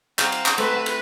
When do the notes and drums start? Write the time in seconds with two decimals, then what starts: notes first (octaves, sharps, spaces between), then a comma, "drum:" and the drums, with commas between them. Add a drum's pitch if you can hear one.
0.19 C4 F5 F#5 A#5 G6, drum: clap
0.32 drum: cymbal
0.46 drum: clap
0.58 A3 C4 B4 A5 B5 E6, drum: cymbal
0.86 drum: cymbal